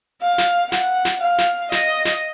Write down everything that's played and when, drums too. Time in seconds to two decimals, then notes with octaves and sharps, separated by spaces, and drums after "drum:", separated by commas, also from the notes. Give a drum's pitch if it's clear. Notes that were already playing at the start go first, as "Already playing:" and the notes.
0.22 F5
0.38 drum: snare
0.72 F#5, drum: snare
1.05 drum: snare
1.22 F5
1.38 drum: snare
1.72 D#5, drum: snare
2.05 drum: snare